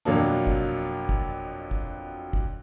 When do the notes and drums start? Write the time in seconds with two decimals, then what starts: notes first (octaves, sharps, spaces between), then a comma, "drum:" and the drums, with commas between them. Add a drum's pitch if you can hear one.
0.05 F2 B2 F#3 A#3 D4
0.47 drum: kick
1.09 drum: kick
1.71 drum: kick
2.33 drum: kick